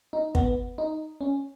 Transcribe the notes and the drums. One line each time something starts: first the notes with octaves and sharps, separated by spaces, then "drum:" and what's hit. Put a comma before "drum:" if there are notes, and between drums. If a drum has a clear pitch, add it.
D#4
B3, drum: kick
D#4
C#4